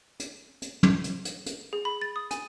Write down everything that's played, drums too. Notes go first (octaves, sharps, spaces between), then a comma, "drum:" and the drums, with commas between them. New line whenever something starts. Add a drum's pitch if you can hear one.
drum: hi-hat
drum: hi-hat
drum: tom
drum: hi-hat
drum: hi-hat
drum: hi-hat
G#4
B5
A6
D#6
G#5, drum: hi-hat